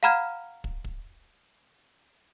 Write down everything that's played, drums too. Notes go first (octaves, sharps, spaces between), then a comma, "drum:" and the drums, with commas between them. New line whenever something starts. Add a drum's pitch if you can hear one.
F5 F#5 A#5 B5 F6 G#6
drum: kick
drum: kick